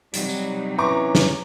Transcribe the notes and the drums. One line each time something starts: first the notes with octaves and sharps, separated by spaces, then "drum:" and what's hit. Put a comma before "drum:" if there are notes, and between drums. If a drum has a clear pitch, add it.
C3 F#3 G3 D#4, drum: hi-hat
drum: tambourine
E3 C#4 A#5 C#6 D6
drum: snare